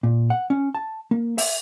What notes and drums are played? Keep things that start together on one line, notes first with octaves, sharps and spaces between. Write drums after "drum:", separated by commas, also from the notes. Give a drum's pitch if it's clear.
A#2
F#5
C#4
A5
A#3
E5, drum: open hi-hat